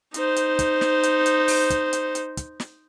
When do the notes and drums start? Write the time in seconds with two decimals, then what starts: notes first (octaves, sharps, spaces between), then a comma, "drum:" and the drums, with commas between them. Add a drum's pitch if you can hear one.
0.14 D#4 C5, drum: hi-hat
0.36 drum: hi-hat
0.59 drum: kick, hi-hat
0.81 drum: snare
1.03 drum: hi-hat
1.26 drum: hi-hat
1.48 drum: open hi-hat
1.70 drum: kick, hi-hat
1.93 drum: hi-hat
2.15 drum: hi-hat
2.37 drum: kick, hi-hat
2.60 drum: snare